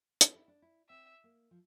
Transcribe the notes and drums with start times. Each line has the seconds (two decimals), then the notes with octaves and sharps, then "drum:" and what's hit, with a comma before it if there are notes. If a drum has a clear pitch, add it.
0.21 F4, drum: hi-hat
0.35 E4
0.48 D4
0.62 E4
0.89 C4 E5
1.24 A#3
1.51 F3